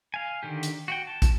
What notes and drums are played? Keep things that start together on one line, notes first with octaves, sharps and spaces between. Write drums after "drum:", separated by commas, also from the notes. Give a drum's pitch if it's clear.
F5 G#5
D3 D#3 G4
drum: hi-hat
F#4 F#5 G5
A5
drum: kick, hi-hat